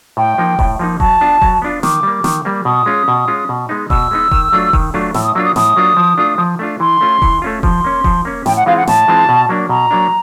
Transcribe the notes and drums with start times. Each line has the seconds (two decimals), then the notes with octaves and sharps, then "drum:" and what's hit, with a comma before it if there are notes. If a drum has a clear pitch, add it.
0.17 A2 G5
0.38 F3 A#3 D#4
0.59 A2, drum: kick E1
0.79 F3 A#3 D#4
1.00 F#3 A5, drum: kick E1
1.21 B3 D4 F4
1.42 F#3, drum: kick E1
1.62 B3 D4 F4
1.83 D#3 D6, drum: snare
2.03 G3 A#3
2.24 D#3, drum: snare
2.45 G3 A#3
2.65 B2 D#6
2.86 G#3 C#4 F4
3.08 B2
3.28 G#3 C#4 F4
3.49 B2
3.69 G#3 B3 D#4
3.90 B2 E6, drum: kick E1
4.11 G#3 B3 D#4
4.31 D#3, drum: kick E1
4.52 F#3 A3 D4 F4
4.73 D#3, drum: kick E1
4.94 F#3 A3 D4 F4
5.14 A2 E6, drum: snare
5.25 D#6
5.35 F#3 A#3 D4 F4 E6
5.45 D#6
5.56 A2 D#6, drum: snare
5.76 F#3 A#3 D4 F4
5.97 F3
6.18 A3 D4 F4
6.38 F3
6.59 A3 D4 F4
6.80 E3 C6
7.01 A3 C#4 F4
7.22 E3, drum: kick E1
7.42 A3 C#4 F4
7.63 F3 C6, drum: kick E1
7.84 A#3 C#4
8.04 F3, drum: kick E1
8.25 A#3 C#4
8.46 A2 G5, drum: snare
8.57 F#5
8.66 E3 G#3 C4 F4 F5
8.77 F#5
8.87 A2 A5, drum: snare
9.08 E3 G#3 C4 F4
9.29 B2
9.49 F#3 A#3 D4
9.69 B2 A#5
9.91 F#3 A#3 D4